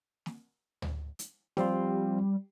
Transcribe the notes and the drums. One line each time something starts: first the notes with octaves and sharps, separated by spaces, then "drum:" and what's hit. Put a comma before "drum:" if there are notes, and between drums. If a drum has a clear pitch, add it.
drum: snare
drum: tom D2
drum: hi-hat
F3 G3 C4 F4, drum: snare